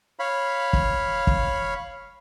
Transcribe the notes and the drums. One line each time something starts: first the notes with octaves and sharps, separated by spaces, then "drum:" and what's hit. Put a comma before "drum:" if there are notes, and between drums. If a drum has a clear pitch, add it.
C#5 F5 B5
drum: kick
drum: kick